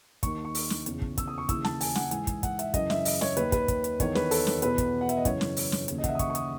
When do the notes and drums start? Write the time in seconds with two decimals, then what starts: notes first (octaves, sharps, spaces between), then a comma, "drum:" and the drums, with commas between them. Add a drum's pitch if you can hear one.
0.23 D#2 D#3 C#6, drum: kick, hi-hat
0.45 C#6
0.55 drum: open hi-hat
0.70 drum: snare
0.86 E2 C#3 E3, drum: hi-hat
1.02 drum: kick
1.18 E6, drum: kick, hi-hat
1.28 D#6
1.38 C#6
1.49 D#2 C#3 E3 E6, drum: kick, hi-hat
1.65 A5, drum: snare
1.81 G#5, drum: open hi-hat
1.95 F#5, drum: snare
2.11 G#2 E3 G#5, drum: hi-hat
2.27 drum: kick, hi-hat
2.43 F#5, drum: kick, hi-hat
2.59 E5, drum: hi-hat
2.74 F#2 C#3 E3 D#5, drum: kick, hi-hat
2.90 E5, drum: snare
3.05 D#5, drum: open hi-hat
3.21 C#5, drum: snare
3.37 D#2 D#3 B4, drum: hi-hat
3.52 B4, drum: kick, hi-hat
3.68 drum: kick, hi-hat
3.84 drum: hi-hat
4.00 E2 D#3 C#5, drum: kick, hi-hat
4.15 B4, drum: snare
4.31 A4, drum: open hi-hat
4.47 drum: snare
4.62 E2 B2 B4, drum: hi-hat
4.78 drum: kick, hi-hat
5.01 F#5
5.09 E5, drum: hi-hat
5.17 D#5
5.25 F#2 C#3 E3 C#5, drum: kick, hi-hat
5.41 drum: snare
5.57 drum: open hi-hat
5.72 drum: snare
5.88 D#2 C#3 E3, drum: hi-hat
5.98 D#5
6.04 F#5, drum: kick, hi-hat
6.09 E5
6.15 D#6
6.19 C#6, drum: kick, hi-hat
6.30 C#6
6.35 D#6, drum: hi-hat